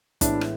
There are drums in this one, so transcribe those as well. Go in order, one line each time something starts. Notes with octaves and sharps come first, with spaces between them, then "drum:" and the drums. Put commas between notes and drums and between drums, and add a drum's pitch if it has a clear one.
A2 E3 G#3 B3 D4 E4, drum: kick, hi-hat
drum: rim click